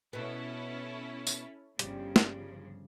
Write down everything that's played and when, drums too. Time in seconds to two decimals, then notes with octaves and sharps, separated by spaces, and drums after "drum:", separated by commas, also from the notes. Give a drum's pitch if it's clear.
0.13 B2 B3 C#4 E4 A4
1.27 drum: tambourine
1.79 G1 C#3 F3 G3, drum: hi-hat
2.16 drum: snare